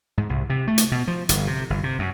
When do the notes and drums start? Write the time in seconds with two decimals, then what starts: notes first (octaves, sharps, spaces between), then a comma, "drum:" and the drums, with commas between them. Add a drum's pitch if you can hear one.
0.17 G#2
0.29 C2
0.50 C3
0.67 A3
0.78 drum: hi-hat
0.92 B2
1.08 F3
1.29 G1, drum: hi-hat
1.47 C3
1.70 G1
1.83 C3
1.99 F#2